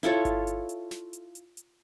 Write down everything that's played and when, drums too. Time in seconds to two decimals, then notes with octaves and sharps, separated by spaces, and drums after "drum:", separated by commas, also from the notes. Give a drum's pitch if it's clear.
0.03 E4 F4 A4 C#5, drum: hi-hat
0.25 drum: kick G1, hi-hat
0.47 drum: hi-hat
0.69 drum: hi-hat
0.91 drum: snare
1.13 drum: hi-hat
1.35 drum: hi-hat
1.57 drum: hi-hat